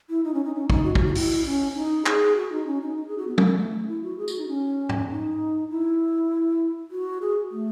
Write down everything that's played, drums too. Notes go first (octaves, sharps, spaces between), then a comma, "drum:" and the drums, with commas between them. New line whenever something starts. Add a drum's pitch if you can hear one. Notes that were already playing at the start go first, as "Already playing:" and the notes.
E4
D#4
C#4
D#4
C#4
D#4, drum: kick
F#4
F#4, drum: kick
F#4
E4, drum: open hi-hat
C#4
C#4
D#4
G#4, drum: clap
F#4
D#4
C#4
D#4
D#4
G#4
F#4
B3
A3, drum: tom
G#3
A3
E4
F#4
G#4
F#4, drum: tambourine
D#4
C#4
drum: tom
D#4
E4
F#4
G#4
A3